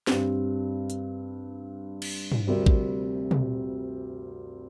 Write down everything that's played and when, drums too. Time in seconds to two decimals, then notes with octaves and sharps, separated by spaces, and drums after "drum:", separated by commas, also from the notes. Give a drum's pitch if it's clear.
0.07 G2 G3 C4, drum: snare
0.90 drum: hi-hat
2.02 drum: cymbal
2.32 drum: tom
2.47 D2 C3 G3 C4 A#4
2.66 drum: kick A1
3.31 drum: tom